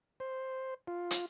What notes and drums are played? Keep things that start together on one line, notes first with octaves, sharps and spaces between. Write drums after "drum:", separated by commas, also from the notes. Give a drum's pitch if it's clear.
C5
F4
drum: hi-hat